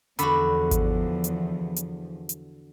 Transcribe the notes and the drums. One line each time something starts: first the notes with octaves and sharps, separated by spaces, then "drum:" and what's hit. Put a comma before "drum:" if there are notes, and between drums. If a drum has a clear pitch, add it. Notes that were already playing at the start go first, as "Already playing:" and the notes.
E2 D3 F3 F#4 B5, drum: hi-hat
drum: kick G#1, hi-hat
drum: hi-hat
drum: hi-hat
drum: hi-hat